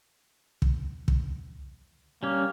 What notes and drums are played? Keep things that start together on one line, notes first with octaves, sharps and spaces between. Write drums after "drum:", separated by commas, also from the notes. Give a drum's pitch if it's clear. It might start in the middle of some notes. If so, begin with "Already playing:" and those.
drum: kick
drum: kick
G3 A#3 C#4